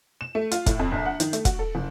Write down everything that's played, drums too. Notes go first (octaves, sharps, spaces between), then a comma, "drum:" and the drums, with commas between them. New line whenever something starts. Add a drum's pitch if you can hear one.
E7
A3
F4, drum: hi-hat
A2, drum: kick E1, hi-hat
F2
A#1
F#5
D#3, drum: hi-hat
A3, drum: hi-hat
F#4, drum: kick E1, hi-hat
A4
F#1